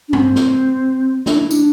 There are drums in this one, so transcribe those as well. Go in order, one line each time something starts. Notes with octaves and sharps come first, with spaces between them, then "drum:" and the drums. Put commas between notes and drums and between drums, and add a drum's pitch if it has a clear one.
D4
C4, drum: tom G2
drum: snare
D4, drum: snare
E4
D4, drum: tambourine